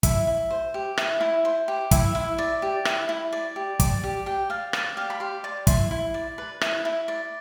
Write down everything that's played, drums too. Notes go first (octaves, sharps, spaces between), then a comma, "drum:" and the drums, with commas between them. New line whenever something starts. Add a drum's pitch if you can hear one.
E4 E5, drum: kick, hi-hat
E4
C5
G4
E4, drum: rim click
E4
C5
G4
E4 E5, drum: kick, hi-hat
E4
D5
G4
E4, drum: rim click
E4
D5
G4
D5, drum: kick, hi-hat
G4
G4 G5
D5 F5
D5, drum: rim click
G4 F5
B5
G4 C6
D5 D6
E4 C6, drum: kick, hi-hat
E4
D5
B4
E4, drum: rim click
E4
D5